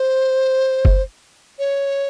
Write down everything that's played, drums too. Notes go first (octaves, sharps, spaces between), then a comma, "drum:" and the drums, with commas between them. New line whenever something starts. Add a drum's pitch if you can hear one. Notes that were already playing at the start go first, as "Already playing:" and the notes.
Already playing: C5
drum: kick
C#5